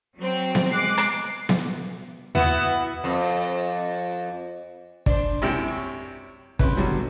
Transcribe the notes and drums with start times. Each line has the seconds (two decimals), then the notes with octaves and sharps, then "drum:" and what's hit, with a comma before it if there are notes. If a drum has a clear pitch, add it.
0.17 F#3 C4
0.55 drum: snare B3
0.71 G#3 D6 F#6 C7
0.98 drum: rim click
1.49 drum: snare B3
2.35 B3 E4 F#4, drum: tom D#2
3.04 F2
5.06 D4 C5 D5, drum: kick
5.42 F#2 C3 E4 G5
5.68 C#5
6.59 C2 C#3 C4 C#4 E4 B4, drum: kick
6.77 B2 D3 F#3 G3 A3 F#4